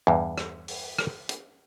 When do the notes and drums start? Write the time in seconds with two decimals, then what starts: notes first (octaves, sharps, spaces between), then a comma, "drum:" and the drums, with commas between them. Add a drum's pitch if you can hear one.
0.07 E2 G2
0.38 drum: rim click
0.68 drum: open hi-hat
0.98 drum: rim click
1.29 drum: hi-hat